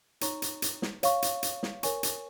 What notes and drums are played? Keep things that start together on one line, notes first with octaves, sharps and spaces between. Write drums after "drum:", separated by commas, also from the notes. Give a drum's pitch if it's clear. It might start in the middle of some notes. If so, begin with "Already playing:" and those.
D#4 C#5 A#5 C#6, drum: hi-hat
drum: hi-hat
drum: hi-hat
drum: snare
C#5 F5 C#6, drum: hi-hat
drum: hi-hat
drum: hi-hat
drum: snare
A#4 C#5 G#5 C#6, drum: hi-hat
drum: hi-hat